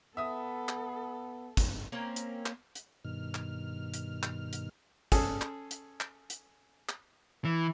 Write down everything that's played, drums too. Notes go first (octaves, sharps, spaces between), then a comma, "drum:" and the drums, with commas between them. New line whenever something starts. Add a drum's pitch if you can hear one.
B3 A4 E5 D#6
drum: clap
drum: kick, hi-hat
A#3 C4 C#4 A#4
drum: hi-hat
drum: clap
drum: hi-hat
G2 B2 D#3 F6
drum: clap
drum: hi-hat
drum: clap
drum: hi-hat
C#4 G#4 A4, drum: kick, hi-hat
drum: clap
drum: hi-hat
drum: clap
drum: hi-hat
drum: clap
E3